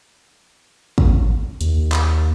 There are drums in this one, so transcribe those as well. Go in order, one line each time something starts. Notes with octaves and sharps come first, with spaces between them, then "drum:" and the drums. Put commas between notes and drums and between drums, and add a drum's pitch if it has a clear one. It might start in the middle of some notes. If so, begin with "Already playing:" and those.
drum: kick
D#2, drum: hi-hat
drum: clap